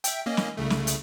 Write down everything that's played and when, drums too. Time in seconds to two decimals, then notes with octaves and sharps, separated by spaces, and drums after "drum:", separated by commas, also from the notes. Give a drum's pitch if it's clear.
0.04 E5 G5, drum: hi-hat
0.26 A#3 C#4 D#5
0.37 drum: snare
0.57 C2 C#3 A3
0.70 drum: snare
0.87 drum: hi-hat